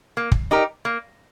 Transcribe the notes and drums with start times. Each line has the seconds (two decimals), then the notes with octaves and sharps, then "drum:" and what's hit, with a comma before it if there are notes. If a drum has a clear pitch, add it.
0.17 A#3
0.32 drum: kick
0.51 D#4 G4 A#4
0.85 A#3